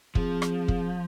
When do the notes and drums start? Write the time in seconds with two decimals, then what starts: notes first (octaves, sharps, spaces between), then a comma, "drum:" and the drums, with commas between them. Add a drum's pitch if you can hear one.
0.15 F3 C4 G#4, drum: kick
0.42 drum: rim click
0.68 drum: kick